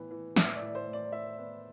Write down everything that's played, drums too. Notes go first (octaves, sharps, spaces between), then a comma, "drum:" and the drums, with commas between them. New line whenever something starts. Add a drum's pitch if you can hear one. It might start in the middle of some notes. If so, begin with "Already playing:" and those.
Already playing: A2 E3 B3
E3
A2 E5, drum: snare
D5
A2
C5
A2
D5
A2 E5
B3